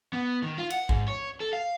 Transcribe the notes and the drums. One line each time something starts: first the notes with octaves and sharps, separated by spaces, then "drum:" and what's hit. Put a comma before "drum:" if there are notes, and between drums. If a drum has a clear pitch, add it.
B3
D#3
F4
F#5, drum: cymbal
G#2, drum: kick A1
C#5
A4
F5